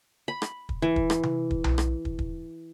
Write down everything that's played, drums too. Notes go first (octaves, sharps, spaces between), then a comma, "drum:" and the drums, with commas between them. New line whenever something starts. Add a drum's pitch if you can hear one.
B5
drum: rim click
drum: kick
E3
drum: kick
drum: rim click
drum: tom C3
drum: kick
drum: tom B1
drum: rim click
drum: kick
drum: kick